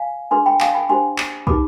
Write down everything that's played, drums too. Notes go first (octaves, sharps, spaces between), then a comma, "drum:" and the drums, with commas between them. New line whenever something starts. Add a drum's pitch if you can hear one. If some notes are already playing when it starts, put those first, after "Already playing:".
Already playing: F5 G#5
D4 G#4 B4 G#5 C6
G5 B5
F5 G#5, drum: clap
G5 B5
D4 G4 C5 G#5 C6
drum: clap
D#4 G4 B4 B5 D6, drum: kick